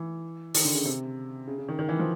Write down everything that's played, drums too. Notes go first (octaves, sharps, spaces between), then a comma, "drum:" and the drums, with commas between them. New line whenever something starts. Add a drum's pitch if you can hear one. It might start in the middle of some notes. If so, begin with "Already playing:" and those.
Already playing: E3
D#3, drum: open hi-hat
D3
C#3
C3
C#3
C#3
D#3
D#3
E3
F3